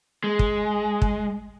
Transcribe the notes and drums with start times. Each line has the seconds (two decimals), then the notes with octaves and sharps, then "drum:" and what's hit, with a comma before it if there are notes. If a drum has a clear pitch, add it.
0.24 G#3
0.39 drum: kick
1.02 drum: kick